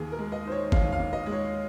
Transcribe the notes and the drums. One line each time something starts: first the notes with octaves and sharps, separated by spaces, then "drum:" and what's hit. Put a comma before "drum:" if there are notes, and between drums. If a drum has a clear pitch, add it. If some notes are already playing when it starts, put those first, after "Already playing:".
Already playing: D#2 G#4
A#4
G#3
D#5
D#3 C5
C#5
D#2 F5, drum: kick F#1
F5
D#2
D#5
G#3
C#5